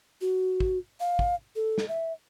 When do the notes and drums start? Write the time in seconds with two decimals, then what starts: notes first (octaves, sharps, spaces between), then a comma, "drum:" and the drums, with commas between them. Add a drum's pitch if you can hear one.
0.21 F#4
0.60 drum: kick
1.00 F5
1.19 drum: kick
1.56 A4
1.78 drum: snare
1.88 E5